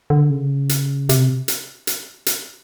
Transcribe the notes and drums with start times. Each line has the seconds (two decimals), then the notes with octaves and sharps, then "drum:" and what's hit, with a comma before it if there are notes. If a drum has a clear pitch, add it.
0.10 D3
0.30 C#3
0.69 drum: hi-hat
1.09 C3, drum: hi-hat
1.48 drum: hi-hat
1.87 drum: hi-hat
2.26 drum: hi-hat